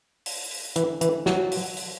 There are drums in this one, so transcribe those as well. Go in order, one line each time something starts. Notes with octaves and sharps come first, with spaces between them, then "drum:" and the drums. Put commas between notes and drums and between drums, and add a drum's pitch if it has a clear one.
drum: open hi-hat
drum: open hi-hat
E3, drum: hi-hat
E3, drum: hi-hat
F#3, drum: snare
drum: open hi-hat
drum: open hi-hat